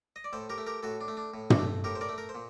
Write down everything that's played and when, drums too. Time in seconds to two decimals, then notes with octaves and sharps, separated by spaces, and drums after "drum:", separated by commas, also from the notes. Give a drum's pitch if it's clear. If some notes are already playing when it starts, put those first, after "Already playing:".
0.16 D#5
0.24 D5
0.33 A2 A4 C5
0.50 G4 A#4
0.58 A3
0.67 G4 A#4
0.83 A2 F#4 A4
1.01 D4
1.08 A3
1.17 D4
1.34 A2
1.50 D4 F#4, drum: tom
1.59 A3
1.84 A2 G4 A#4
1.95 C5
2.01 A#4 D5
2.09 A3
2.18 A#4
2.29 C5
2.35 A#2